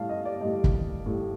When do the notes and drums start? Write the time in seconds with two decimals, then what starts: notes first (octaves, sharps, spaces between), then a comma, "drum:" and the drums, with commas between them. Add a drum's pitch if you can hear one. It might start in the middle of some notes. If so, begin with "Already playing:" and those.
Already playing: A2 G3 F5 A5
0.09 D#5
0.25 D5
0.41 A2 G3 D#5
0.64 drum: kick
1.06 A2 G3